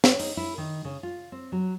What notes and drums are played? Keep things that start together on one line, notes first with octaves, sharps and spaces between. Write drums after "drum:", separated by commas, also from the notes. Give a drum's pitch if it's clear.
C#5, drum: snare
D#4, drum: open hi-hat
E4
D#3
C#3
F4
C4
F#3